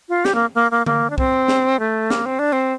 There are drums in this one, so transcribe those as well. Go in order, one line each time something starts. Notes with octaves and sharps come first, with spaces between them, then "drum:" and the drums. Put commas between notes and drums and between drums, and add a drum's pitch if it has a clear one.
F4
G4, drum: snare
A#3
A#3
A#3
A#3, drum: tom D3
D4
C4, drum: kick
drum: snare
A3
A#3, drum: snare
C4
D4
C4